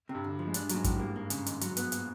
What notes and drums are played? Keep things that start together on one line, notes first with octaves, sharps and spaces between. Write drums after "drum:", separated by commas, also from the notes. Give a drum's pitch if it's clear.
C3
G2 G3
D2
F3
G#3
G2 G3 D4, drum: hi-hat
F#3, drum: hi-hat
G#2 G#3
A2, drum: kick, hi-hat
G2 G3 A#3
A#3
C#3, drum: hi-hat
D#2, drum: hi-hat
F#3, drum: hi-hat
B3, drum: hi-hat
A#2, drum: hi-hat